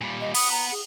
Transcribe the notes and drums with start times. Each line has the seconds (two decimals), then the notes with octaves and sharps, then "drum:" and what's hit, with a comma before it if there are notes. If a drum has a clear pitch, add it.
0.01 A#2 G3
0.20 D#5
0.34 F#5 B5 D#6, drum: open hi-hat
0.51 A#5
0.71 G#4